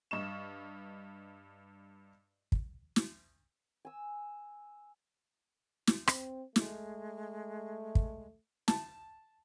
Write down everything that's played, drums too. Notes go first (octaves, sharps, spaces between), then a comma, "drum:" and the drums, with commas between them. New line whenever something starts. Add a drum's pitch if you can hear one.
G2 D#5 C#6 E7
drum: kick
drum: snare
G#5 E6
drum: snare
C4, drum: rim click
G#3 A3, drum: snare
drum: kick
A5, drum: snare